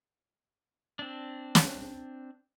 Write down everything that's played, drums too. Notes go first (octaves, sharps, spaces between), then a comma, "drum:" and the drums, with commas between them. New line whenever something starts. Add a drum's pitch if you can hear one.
C4 D4
drum: snare